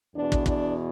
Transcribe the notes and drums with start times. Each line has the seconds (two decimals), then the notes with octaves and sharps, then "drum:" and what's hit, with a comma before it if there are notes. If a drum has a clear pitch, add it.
0.14 E2 B2 D4
0.32 drum: kick
0.46 D4, drum: kick